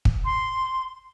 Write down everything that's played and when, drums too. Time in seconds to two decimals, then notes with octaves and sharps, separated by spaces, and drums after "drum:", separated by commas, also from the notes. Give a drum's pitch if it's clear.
0.05 drum: kick
0.25 C6